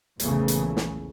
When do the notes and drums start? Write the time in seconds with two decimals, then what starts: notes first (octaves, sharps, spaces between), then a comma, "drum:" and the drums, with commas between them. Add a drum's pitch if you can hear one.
0.20 A#1 E2 A#2 C#3 E3 A3, drum: hi-hat
0.48 drum: hi-hat
0.77 drum: snare